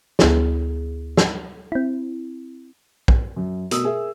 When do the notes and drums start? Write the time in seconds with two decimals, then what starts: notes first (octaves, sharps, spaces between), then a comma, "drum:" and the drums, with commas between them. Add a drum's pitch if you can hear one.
0.19 D2 B3 E4 G#4, drum: snare
1.17 drum: snare
1.72 C4 E4
3.08 drum: kick A#1
3.36 F#2
3.71 B2 A3 A#4 D#6 E6, drum: hi-hat
3.85 G#4 A#4 E5